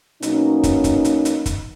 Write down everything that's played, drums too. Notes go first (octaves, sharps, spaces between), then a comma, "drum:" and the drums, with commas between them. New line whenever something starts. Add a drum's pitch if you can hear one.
B2 F#3 A#3 C#4 D#4, drum: hi-hat
drum: kick, hi-hat
drum: kick, hi-hat
drum: hi-hat
drum: hi-hat
drum: kick, hi-hat